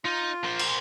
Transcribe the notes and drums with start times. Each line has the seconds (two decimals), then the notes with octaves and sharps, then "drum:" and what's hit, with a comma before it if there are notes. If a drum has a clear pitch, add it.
0.05 D#4 F4
0.44 A#3 C5
0.59 drum: cymbal